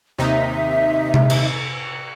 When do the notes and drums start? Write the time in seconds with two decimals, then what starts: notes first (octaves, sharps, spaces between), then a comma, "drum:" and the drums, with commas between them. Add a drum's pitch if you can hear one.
0.18 D#2 C3 D#4 E5
1.14 drum: tom C3
1.30 drum: cymbal